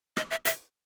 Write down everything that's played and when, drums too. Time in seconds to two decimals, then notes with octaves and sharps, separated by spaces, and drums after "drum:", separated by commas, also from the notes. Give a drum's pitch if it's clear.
0.17 D#5, drum: rim click
0.31 E5
0.45 E5, drum: hi-hat